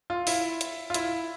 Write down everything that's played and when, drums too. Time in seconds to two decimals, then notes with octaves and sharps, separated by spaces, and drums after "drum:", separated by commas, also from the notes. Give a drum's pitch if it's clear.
0.10 F4
0.27 E4, drum: open hi-hat
0.61 drum: hi-hat
0.90 F4
0.94 E4, drum: hi-hat